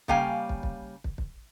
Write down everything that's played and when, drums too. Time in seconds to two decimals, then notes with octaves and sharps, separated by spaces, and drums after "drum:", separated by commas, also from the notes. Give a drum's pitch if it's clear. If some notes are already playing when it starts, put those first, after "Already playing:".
0.08 C#3 G3 A#3 F5 G5 G#5, drum: kick
0.49 drum: kick
0.63 drum: kick
1.04 drum: kick
1.18 drum: kick